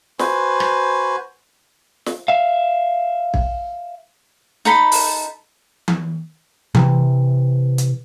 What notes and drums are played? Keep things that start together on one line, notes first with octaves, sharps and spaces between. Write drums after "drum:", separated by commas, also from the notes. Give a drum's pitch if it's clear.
F#4 B4 C5 G#5, drum: snare
drum: rim click
drum: snare
E5 F5
drum: kick
D#4 A4 B5
drum: open hi-hat
drum: tom E3
C3 E3, drum: tom E3
drum: hi-hat